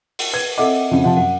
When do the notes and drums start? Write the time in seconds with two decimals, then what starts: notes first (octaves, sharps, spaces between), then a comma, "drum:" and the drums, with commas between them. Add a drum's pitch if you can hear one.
0.19 drum: open hi-hat
0.34 B4 G#6
0.58 C4 A4 D#5 E5 F#5 D6
0.91 F2 C#3
1.04 C3 F3 F#5 A5
1.17 F#2 F#5